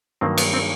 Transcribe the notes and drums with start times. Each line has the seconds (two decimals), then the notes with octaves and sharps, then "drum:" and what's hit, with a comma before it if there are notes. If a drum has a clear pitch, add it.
0.21 G2 D#3 F#3 A#3 C4
0.38 B3, drum: cymbal
0.54 C4